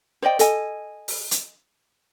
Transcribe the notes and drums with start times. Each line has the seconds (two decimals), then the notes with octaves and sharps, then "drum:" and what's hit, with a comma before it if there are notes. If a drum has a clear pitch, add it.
0.22 C5 D5 D#5 G5
0.39 A4 D#5 G#5, drum: hi-hat
1.08 drum: open hi-hat
1.31 drum: hi-hat